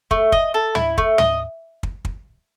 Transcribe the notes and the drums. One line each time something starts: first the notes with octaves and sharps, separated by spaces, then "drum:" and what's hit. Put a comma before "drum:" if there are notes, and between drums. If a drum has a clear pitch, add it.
A3, drum: kick
D#5, drum: kick
A4
E4, drum: tom
A3, drum: kick
D#5, drum: tom
drum: kick
drum: kick